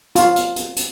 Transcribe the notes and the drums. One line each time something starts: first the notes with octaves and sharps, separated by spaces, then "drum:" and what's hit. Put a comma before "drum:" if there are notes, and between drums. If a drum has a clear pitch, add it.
F4, drum: hi-hat
drum: hi-hat
drum: hi-hat
drum: hi-hat